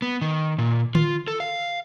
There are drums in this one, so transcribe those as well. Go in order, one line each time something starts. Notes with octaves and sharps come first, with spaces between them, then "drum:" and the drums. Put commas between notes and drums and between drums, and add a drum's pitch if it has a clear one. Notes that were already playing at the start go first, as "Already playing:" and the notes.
B3
D#3
A#2
F4, drum: tom D3
A4
F5